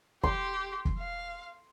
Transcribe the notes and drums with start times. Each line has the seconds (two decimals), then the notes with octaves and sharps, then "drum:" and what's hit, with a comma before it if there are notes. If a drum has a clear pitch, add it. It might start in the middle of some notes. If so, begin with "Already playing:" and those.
0.23 G4 C6, drum: kick
0.85 drum: kick
0.99 F5